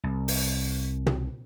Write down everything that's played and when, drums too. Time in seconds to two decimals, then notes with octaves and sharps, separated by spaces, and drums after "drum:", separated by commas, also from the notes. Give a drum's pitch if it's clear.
0.04 C2
0.28 drum: open hi-hat
1.06 drum: tom